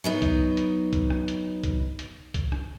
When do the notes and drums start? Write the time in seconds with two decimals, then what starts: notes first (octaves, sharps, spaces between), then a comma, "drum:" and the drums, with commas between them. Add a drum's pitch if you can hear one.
0.04 F#3 B3 D#4
0.22 drum: kick C2, hi-hat
0.57 drum: hi-hat
0.93 drum: kick C2, hi-hat
1.10 drum: rim click
1.28 drum: hi-hat
1.64 drum: kick C2, hi-hat
1.99 drum: hi-hat
2.34 drum: kick C2, hi-hat
2.52 drum: rim click